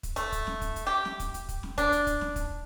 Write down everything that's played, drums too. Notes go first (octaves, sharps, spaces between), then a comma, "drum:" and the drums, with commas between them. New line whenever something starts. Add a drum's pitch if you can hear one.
drum: kick, hi-hat
A3, drum: hi-hat
drum: kick, hi-hat
drum: snare
drum: kick, hi-hat
drum: hi-hat
G4
drum: snare
drum: kick, hi-hat
drum: hi-hat
drum: kick, hi-hat
drum: snare
D4, drum: kick, hi-hat
drum: hi-hat
drum: kick, hi-hat
drum: snare
drum: kick, hi-hat